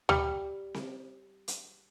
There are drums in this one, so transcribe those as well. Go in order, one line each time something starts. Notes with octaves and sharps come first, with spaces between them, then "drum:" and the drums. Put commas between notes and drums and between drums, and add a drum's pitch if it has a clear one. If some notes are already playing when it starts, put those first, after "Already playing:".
G3, drum: tom D2
drum: snare C4
drum: hi-hat